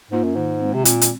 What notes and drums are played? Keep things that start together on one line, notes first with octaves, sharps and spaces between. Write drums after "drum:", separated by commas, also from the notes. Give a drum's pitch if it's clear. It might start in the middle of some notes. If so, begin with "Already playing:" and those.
G#2 A#3 F4
F#2
G#2 D#3
G#3 C4
C3
A#2 C4, drum: hi-hat
drum: hi-hat